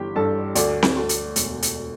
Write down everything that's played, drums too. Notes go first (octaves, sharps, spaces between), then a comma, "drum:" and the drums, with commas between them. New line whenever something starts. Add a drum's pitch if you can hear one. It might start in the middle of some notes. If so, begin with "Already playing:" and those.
Already playing: G1 E3 G4 G5
G2 A4 A5
D2 D5 D6, drum: hi-hat
drum: snare C4
D2
drum: hi-hat
E1, drum: hi-hat
drum: hi-hat